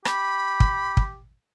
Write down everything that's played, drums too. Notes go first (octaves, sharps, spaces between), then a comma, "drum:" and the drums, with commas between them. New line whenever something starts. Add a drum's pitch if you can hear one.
G4 B5, drum: rim click
drum: kick
drum: kick